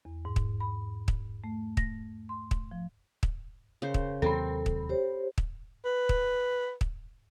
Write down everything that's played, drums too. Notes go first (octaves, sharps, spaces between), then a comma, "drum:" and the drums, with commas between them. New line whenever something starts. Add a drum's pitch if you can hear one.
E2
G#2
drum: kick
B5
drum: kick
A3
A#6, drum: kick
C6
drum: kick
F3
drum: kick
C#3 A#4 C5
drum: kick
D#2 C3 F#3 C4 A4 B5
drum: kick
G4 C5 C#5
drum: kick
B4
drum: kick
drum: kick